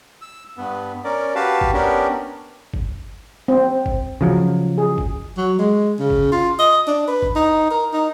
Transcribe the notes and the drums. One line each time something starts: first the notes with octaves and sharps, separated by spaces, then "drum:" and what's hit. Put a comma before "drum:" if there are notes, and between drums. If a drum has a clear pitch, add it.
E6
G2 B3
C#4 A#4 D5
F#4 G4 B4 F5 A5
drum: kick G1
B3 C#4 D4 G4 A#4
drum: kick G1
C4
drum: kick G1
C#3 F3 F#3
G#4
drum: kick G1
F#3
G#3
C#3
drum: kick G1
F4
D#5
D4
B4
drum: kick G1
D#4
A#4
D#4